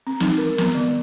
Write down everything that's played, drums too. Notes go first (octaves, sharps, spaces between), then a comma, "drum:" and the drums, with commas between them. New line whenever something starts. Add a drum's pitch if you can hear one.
C4
D#4, drum: snare
A#4
B3, drum: snare
D#3